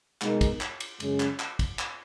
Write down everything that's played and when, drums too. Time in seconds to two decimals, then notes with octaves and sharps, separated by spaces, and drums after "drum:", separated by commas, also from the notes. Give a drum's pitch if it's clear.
0.21 B2 G#3 D#4 A#4, drum: clap
0.41 drum: kick, cymbal
0.61 drum: clap
0.80 drum: cymbal
1.00 F#2 C#3 G#3 C#4 G#4, drum: cymbal
1.20 drum: clap
1.40 drum: clap
1.59 drum: kick, cymbal
1.79 drum: clap